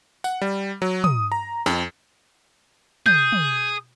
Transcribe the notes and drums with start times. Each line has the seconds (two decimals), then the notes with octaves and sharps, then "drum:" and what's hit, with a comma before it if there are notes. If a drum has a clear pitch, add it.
0.24 F#5, drum: tambourine
0.41 G3
0.82 F#3
1.04 D#6, drum: tom
1.32 A#5
1.66 F2, drum: snare
3.06 G#4 G6, drum: tom
3.32 drum: tom